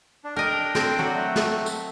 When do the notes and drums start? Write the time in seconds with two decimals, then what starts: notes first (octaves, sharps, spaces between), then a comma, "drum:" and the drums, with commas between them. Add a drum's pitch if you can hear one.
0.24 D4
0.36 D4 A#4 D#5 G5
0.75 C4, drum: snare
0.99 F#3 F#4
1.14 A3
1.36 drum: snare
1.66 drum: tambourine